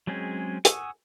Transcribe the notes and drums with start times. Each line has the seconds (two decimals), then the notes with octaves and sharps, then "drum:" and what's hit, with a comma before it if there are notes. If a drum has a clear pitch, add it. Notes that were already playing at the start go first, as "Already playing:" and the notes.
0.07 F#3 G#3 C4 C#4 G#4
0.65 F#5 G#5 C#6 D#6 E6, drum: hi-hat